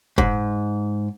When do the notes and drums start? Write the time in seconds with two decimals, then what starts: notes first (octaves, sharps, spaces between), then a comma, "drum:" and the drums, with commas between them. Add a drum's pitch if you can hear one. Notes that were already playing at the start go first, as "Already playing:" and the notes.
0.18 G#2, drum: kick